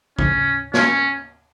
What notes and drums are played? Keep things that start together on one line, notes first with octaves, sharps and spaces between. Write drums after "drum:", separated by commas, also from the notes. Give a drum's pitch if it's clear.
C#4, drum: kick A#1
C#4, drum: snare